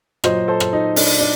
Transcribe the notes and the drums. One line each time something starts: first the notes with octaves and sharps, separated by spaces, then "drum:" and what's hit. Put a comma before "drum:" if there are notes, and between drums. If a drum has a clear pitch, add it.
A#2 F#3 C5 D#5, drum: rim click
A4 C5
drum: rim click
D#4
D4, drum: open hi-hat
D4